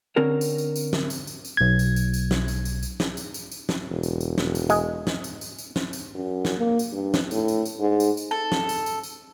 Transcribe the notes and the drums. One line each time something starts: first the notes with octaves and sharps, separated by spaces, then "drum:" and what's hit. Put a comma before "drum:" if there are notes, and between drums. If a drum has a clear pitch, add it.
D3 C4 C#4 A#4 C#5
drum: tambourine
drum: tambourine
drum: tambourine
drum: snare
drum: tambourine
drum: tambourine
drum: tambourine
B1 G#6
drum: tambourine
drum: tambourine
drum: tambourine
drum: snare
drum: tambourine
drum: tambourine
drum: tambourine
drum: snare
drum: tambourine
drum: tambourine
drum: tambourine
drum: snare
E1
drum: tambourine
drum: tambourine
drum: snare
drum: tambourine
G#3, drum: tambourine
drum: snare
drum: tambourine
drum: tambourine
drum: tambourine
drum: snare
drum: tambourine
F#2
drum: snare
A#3
drum: tambourine
G2
drum: snare
A2, drum: tambourine
drum: tambourine
drum: tambourine
G#2
drum: tambourine
drum: tambourine
A4
drum: snare
drum: tambourine
drum: tambourine
drum: tambourine